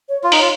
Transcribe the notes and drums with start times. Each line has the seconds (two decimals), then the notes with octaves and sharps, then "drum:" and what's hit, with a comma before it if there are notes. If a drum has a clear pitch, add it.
0.09 C#5
0.24 F4
0.32 D#4, drum: open hi-hat
0.38 F4 C#5